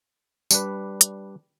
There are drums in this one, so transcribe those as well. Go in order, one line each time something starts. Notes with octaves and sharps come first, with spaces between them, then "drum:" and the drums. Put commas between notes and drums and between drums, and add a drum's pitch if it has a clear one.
G3 D4 B4, drum: tambourine
drum: hi-hat